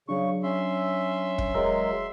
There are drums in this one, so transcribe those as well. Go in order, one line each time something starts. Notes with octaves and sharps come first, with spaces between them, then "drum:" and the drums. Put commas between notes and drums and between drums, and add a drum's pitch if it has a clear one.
C#3 F#3 D4 C#6
C#4 E5 C6
drum: kick
F#3 G#3 A#4 A#5 E6